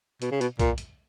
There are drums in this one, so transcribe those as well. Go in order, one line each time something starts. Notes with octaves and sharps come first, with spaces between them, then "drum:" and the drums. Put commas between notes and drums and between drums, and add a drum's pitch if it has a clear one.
B2, drum: hi-hat
C#3
B2, drum: hi-hat
A#2, drum: kick B1, hi-hat
drum: hi-hat